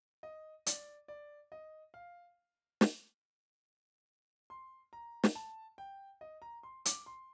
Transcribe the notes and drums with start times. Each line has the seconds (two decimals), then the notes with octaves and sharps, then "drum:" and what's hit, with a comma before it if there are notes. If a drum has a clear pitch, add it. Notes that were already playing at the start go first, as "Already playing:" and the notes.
0.23 D#5
0.66 D5, drum: hi-hat
1.08 D5
1.52 D#5
1.94 F5
2.81 drum: snare
4.50 C6
4.93 A#5
5.24 drum: snare
5.35 A5
5.78 G5
6.21 D#5
6.42 A#5
6.63 C6
6.85 D6, drum: hi-hat
7.06 C6